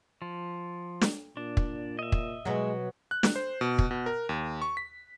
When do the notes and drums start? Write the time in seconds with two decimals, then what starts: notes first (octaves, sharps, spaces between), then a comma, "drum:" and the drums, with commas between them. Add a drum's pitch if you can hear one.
0.22 F3
1.01 drum: snare
1.37 A#2 D4
1.57 drum: kick
1.99 D#5 E5
2.12 drum: kick
2.45 B2 F#3 G#3
3.11 F#6
3.23 drum: snare
3.36 C5
3.61 B2
3.79 drum: kick
3.91 B2
4.06 A#4
4.29 D#2
4.62 C#6
4.77 B6